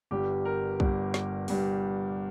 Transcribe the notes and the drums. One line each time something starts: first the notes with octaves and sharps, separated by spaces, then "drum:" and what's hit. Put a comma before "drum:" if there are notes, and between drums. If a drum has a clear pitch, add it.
G1 G2 G3 G4
A#4
G1 G2 G3, drum: kick
drum: snare
G1 G2 G3, drum: open hi-hat